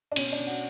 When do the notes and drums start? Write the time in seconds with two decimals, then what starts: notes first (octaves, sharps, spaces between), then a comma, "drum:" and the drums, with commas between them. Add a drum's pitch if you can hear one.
0.12 D4
0.16 B2 C#4, drum: cymbal
0.27 C#4
0.32 D4
0.39 B2
0.47 F#4